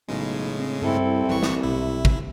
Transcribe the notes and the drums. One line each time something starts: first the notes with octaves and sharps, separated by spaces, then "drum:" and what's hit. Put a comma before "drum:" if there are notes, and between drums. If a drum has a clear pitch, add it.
B1 A2 C#3 G#3
C4 D4
C2 G2 C4 E4 A4
G1 D#2 E3 G3 C#6
drum: snare
B1 C3 E4
drum: kick